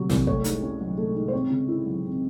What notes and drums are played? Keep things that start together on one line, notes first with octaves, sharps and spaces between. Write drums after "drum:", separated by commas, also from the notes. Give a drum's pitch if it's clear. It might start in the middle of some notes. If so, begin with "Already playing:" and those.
Already playing: C3 F#3 A3
C2, drum: snare
A3 C#5, drum: kick
G#2, drum: hi-hat
C#4
F#3
A3
G#2
C5
C4 C#5
C#3
E4
F#3
C4